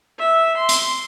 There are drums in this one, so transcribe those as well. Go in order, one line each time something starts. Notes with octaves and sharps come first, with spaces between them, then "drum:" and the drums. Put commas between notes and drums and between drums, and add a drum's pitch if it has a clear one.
E5
C6
drum: hi-hat